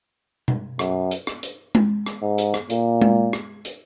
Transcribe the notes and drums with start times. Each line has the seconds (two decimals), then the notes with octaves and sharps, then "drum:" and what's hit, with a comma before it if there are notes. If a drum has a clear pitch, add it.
0.48 drum: tom B2
0.79 F#2, drum: rim click
1.11 drum: hi-hat
1.27 drum: rim click
1.43 drum: hi-hat
1.75 drum: tom G#3
2.06 drum: rim click
2.22 G#2
2.38 drum: hi-hat
2.54 drum: rim click
2.70 A#2, drum: hi-hat
3.02 drum: tom G#3
3.33 drum: rim click
3.65 drum: hi-hat